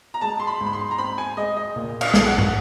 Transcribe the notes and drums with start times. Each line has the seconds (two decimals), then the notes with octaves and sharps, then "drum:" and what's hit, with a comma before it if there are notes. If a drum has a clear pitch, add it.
0.14 A#5
0.21 G#3 A5
0.40 C6
0.47 B5
0.61 G#2
0.66 B5
0.73 C6
0.91 A#5
0.98 C4 B5
1.18 G#5
1.37 G#3 D#5
1.56 D#5
1.76 A#2
2.01 F5, drum: cymbal
2.14 B1, drum: snare
2.26 F#5
2.38 drum: tom